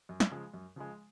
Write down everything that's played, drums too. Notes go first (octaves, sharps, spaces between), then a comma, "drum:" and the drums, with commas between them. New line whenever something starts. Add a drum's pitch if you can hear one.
F#2
drum: snare
C#3 F3 G#3
F#2
C#3 F3 G#3